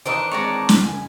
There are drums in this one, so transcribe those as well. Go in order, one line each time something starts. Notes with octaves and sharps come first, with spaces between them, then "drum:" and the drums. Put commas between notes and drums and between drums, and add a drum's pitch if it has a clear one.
D#3 E3 D4 C5 D#5 A#5
G#3 C4 C#5 D5 A#5
drum: snare
F#1 G#5